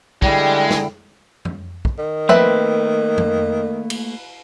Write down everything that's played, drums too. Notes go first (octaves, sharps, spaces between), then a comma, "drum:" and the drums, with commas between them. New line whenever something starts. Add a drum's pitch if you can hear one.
D3 G3 G#3 E4 G5, drum: kick
drum: snare
drum: tom F2
drum: kick
D#3
A3 A#3 C4 B4 E5 B5, drum: tom F3
drum: tom F2
drum: cymbal